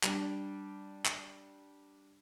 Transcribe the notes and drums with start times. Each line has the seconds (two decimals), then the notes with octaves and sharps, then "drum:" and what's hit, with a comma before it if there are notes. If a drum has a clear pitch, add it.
0.04 G3 D4, drum: clap
1.06 drum: clap